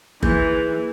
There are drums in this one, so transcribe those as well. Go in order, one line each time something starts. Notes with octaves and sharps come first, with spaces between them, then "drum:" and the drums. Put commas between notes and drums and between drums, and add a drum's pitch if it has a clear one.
E3 A#3 G#4 G6, drum: kick G1